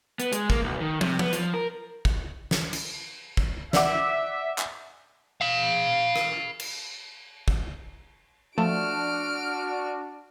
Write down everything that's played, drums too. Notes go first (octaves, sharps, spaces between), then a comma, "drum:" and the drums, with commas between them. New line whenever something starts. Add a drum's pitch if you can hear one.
B3, drum: hi-hat
G#3, drum: hi-hat
A#3, drum: kick
B1
D#3
C3, drum: tom
B3, drum: tom
F3, drum: hi-hat
A#4
drum: kick
drum: snare
drum: cymbal
drum: kick
D5 E5 F#5 D6, drum: snare
drum: clap
F5 B5
drum: rim click
drum: cymbal
drum: kick
F3 A3 D4 F#4 A5 F6 D7